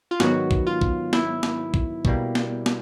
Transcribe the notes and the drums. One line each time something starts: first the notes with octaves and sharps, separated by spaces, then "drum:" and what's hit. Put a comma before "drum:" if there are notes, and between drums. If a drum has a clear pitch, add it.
F4
G#2 D#3 F#3 B3 F#4, drum: snare
drum: kick
F4
drum: kick
E4, drum: snare
drum: snare
drum: kick
B2 G3 A#3, drum: kick
drum: snare
drum: snare